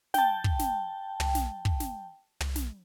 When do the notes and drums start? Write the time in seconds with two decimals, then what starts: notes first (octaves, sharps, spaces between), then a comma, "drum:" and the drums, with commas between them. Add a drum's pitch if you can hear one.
0.14 G5 A5, drum: snare
0.44 drum: kick
0.59 drum: snare
1.20 drum: tom
1.35 drum: snare
1.65 drum: kick
1.80 drum: snare
2.40 drum: tom
2.56 drum: snare